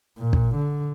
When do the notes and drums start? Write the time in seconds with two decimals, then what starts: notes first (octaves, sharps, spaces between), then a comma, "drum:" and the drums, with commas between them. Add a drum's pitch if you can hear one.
0.18 A#2
0.33 drum: kick
0.56 D3